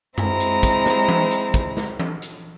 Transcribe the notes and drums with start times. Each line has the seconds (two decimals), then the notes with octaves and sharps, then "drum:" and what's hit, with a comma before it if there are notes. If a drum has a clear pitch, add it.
0.18 G#3 C4 E4 A#5, drum: tom F#2
0.40 drum: hi-hat
0.63 drum: kick, hi-hat
0.86 drum: snare
1.09 drum: tom E3
1.31 drum: hi-hat
1.54 drum: kick, hi-hat
1.77 drum: snare
1.99 drum: tom E3
2.22 drum: hi-hat